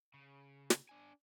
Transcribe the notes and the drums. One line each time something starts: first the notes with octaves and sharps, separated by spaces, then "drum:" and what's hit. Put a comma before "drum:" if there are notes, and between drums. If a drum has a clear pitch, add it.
C#3
drum: snare
D4 G#5